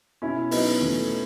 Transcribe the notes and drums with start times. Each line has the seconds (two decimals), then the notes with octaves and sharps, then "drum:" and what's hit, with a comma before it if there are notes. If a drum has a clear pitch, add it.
0.22 B2 C#4 E4
0.51 F#3 B3 D#4, drum: open hi-hat
0.81 E2 A3 C#4